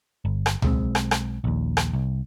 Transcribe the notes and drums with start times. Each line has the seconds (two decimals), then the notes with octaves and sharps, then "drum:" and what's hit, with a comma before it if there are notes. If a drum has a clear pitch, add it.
0.25 G1
0.46 drum: rim click
0.62 B1 G#3 C4, drum: tom C#2
0.95 drum: rim click
1.11 drum: rim click
1.44 A#1 D#2
1.77 drum: rim click
1.94 C2